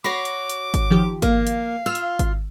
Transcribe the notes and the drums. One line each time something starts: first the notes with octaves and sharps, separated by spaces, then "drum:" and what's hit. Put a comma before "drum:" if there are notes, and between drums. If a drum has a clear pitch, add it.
F#4 C#5 B5 D6 A#6 C7
drum: hi-hat
drum: hi-hat
drum: kick G#1, hi-hat
D#3 F3 G4
A#3 F5, drum: kick G#1, hi-hat
drum: hi-hat
F4 E6 F6
drum: hi-hat
drum: kick G#1, hi-hat